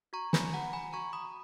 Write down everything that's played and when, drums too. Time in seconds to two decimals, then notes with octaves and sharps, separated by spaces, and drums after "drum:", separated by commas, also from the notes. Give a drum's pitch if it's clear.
0.13 F#4 A#5 C#6
0.33 G#5 B5, drum: snare
0.53 F#4 F#5 A#5
0.73 G#5 B5
0.93 F#4 A#5 C#6
1.13 B5 D#6